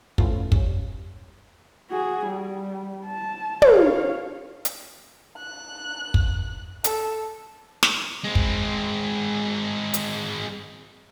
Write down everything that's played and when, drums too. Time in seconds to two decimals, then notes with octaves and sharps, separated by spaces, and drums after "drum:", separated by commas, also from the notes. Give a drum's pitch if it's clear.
0.18 A2 F3 A3 B3 C#4 F4, drum: kick
0.52 G3 C#4, drum: kick
1.90 F#4 G#4
2.27 G3
3.06 A5
3.62 C#5 F5, drum: tom
4.65 drum: hi-hat
5.38 F#6
6.14 drum: kick
6.84 A4, drum: hi-hat
7.83 drum: snare
8.24 G#3 C4
8.35 drum: kick
9.94 drum: hi-hat